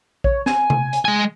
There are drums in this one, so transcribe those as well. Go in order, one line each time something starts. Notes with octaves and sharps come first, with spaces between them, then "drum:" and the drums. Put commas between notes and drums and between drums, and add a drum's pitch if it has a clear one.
C#5, drum: kick A#1
G#5, drum: snare
drum: tom C3
drum: hi-hat
G#3 G#5